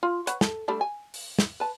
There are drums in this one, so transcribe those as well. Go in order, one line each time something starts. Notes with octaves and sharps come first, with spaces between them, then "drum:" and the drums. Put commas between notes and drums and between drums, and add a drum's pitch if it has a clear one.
F4
B4 C#5 F#5, drum: hi-hat
A4, drum: snare
G3 A3 D4
G#5
drum: open hi-hat
drum: snare
B4 A5